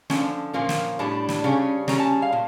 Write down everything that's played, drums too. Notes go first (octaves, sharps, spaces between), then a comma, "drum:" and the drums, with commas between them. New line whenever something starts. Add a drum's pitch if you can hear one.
D3 F3 C#4 A5, drum: snare
A#2 F3 A#3 C#4
drum: snare
A2 G3 D4 A5
drum: snare
C#3 G3 C#4
C#3 G3 C#4 A#5, drum: snare
A5
F5
A#2